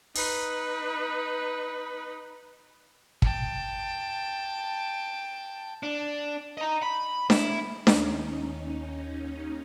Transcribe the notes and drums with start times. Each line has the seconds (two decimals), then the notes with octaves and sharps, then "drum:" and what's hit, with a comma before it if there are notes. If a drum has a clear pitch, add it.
0.16 D#4 B4, drum: open hi-hat
3.22 G5 A5, drum: kick
5.83 D4
6.57 D#5 A#5
6.83 B5
7.30 E4, drum: snare D4
7.87 D#2 C#4 D#4, drum: snare D4